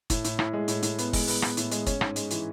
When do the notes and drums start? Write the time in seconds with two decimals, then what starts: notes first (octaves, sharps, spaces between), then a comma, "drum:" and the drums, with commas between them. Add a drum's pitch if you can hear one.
0.10 A2, drum: kick, hi-hat
0.24 A2, drum: hi-hat
0.39 A2, drum: rim click
0.53 G#3
0.68 A2, drum: hi-hat
0.83 A2, drum: hi-hat
0.99 B3, drum: hi-hat
1.13 G#3, drum: kick, open hi-hat
1.28 B3, drum: open hi-hat
1.42 B3, drum: rim click
1.57 A2, drum: hi-hat
1.71 G#3, drum: hi-hat
1.86 C#4, drum: kick, hi-hat
2.01 G#2, drum: rim click
2.16 G#3, drum: hi-hat
2.31 E3, drum: hi-hat